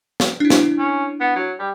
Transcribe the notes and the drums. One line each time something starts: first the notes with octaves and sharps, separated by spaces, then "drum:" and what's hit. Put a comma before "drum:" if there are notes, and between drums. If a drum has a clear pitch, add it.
drum: snare
D4 E4
drum: snare
C#4
B3
F#3
G3